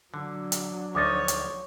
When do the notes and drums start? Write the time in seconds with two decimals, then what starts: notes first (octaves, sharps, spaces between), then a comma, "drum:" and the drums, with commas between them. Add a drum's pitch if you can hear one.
0.14 D3 F#3 D4
0.52 drum: hi-hat
0.95 D2 F3 D#4 C#5 D6 D#6 A6
1.28 drum: hi-hat